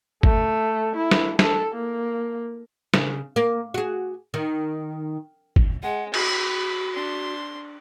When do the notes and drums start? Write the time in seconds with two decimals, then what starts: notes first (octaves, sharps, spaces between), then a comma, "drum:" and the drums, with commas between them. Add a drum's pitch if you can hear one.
0.23 A3, drum: kick
0.96 E4
1.11 drum: snare
1.39 A4, drum: snare
1.75 A#3
2.94 C#3, drum: snare
3.36 A#3
3.74 F#4 G#4
4.34 D#3
5.56 drum: kick
5.83 G#3 F#5
6.14 F#4 B5, drum: cymbal
6.95 D4 C6